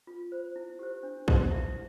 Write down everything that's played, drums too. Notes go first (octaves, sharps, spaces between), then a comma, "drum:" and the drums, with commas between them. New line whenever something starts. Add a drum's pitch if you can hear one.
F4
C5
E4
G4 C5
D4
G4 C5, drum: kick A#1
E4 E5